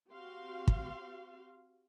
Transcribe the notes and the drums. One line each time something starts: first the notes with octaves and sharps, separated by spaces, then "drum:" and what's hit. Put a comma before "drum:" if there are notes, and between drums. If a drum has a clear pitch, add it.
C4 F#4 G4 F5 C6
drum: kick